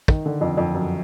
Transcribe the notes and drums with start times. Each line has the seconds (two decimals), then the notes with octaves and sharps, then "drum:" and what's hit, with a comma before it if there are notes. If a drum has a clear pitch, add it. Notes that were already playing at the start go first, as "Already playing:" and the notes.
0.08 D#3, drum: kick
0.26 D3
0.41 F2
0.57 F2
0.74 F#2